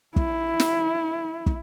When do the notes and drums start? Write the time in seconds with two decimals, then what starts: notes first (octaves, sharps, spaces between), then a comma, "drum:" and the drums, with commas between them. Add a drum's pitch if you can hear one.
0.16 E4, drum: kick
0.60 drum: snare
1.46 drum: kick